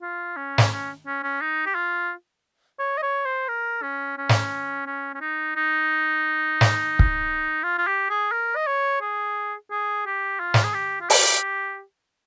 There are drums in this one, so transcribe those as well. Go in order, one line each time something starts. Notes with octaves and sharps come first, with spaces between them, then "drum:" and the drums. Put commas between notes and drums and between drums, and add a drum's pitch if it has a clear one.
F4
C#4
drum: snare
C#4
C#4
C#4
D#4
G4
F4
C#5
D#5
C#5
C5
A#4
C#4
C#4
drum: snare
C#4
C#4
D#4
D#4
drum: snare
drum: kick
F4
F4
G4
G#4
A#4
D#5
C#5
G#4
G#4
G4
F4
drum: snare
G#4
G4
F4
G4, drum: open hi-hat